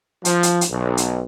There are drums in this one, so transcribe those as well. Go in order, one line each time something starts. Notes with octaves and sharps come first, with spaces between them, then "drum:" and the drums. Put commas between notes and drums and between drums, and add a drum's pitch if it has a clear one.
F3, drum: hi-hat
drum: hi-hat
drum: hi-hat
B1
drum: hi-hat